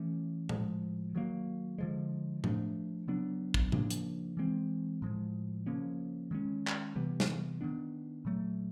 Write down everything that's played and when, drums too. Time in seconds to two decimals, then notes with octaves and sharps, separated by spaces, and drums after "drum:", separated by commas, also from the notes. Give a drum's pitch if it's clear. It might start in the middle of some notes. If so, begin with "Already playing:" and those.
Already playing: E3 A3 C#4
0.49 A2 F3 G#3, drum: tom A#2
1.15 D#3 F#3 A#3
1.78 D3 F3 G#3
2.44 F3 A3 D4, drum: tom A2
3.08 C#3 F#3 B3 D4
3.54 drum: kick
3.72 C#3 F3 A#3 D4, drum: tom A2
3.90 drum: hi-hat
4.37 E3 G#3 C4
5.02 A2 F3 G#3
5.66 C#3 F3 A#3 C#4
6.31 D#3 G#3 C#4
6.67 drum: clap
6.95 C3 E3 G3 B3
7.20 drum: snare
7.61 D#3 F#3 B3 D4
8.25 A#2 F#3 A3